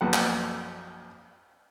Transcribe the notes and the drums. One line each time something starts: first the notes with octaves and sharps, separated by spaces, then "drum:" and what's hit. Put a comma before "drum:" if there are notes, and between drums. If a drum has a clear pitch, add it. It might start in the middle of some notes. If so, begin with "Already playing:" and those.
A#1 F#2 B3 A4 F#5
drum: clap